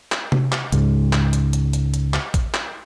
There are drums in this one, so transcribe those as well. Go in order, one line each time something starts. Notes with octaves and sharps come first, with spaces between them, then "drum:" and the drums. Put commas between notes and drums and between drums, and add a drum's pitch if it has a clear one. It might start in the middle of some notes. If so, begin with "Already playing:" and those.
drum: clap
drum: tom C3
drum: clap
C#2 G#2, drum: hi-hat
drum: clap
drum: hi-hat
drum: hi-hat
drum: hi-hat
drum: hi-hat
drum: clap
drum: kick A1, hi-hat
drum: clap